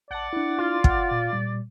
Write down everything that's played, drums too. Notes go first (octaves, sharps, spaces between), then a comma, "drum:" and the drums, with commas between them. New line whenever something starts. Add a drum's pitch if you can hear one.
A#1 D5 F#5 A5
D4 E4
F4
F#5 F6, drum: kick
A#2
A#2 G3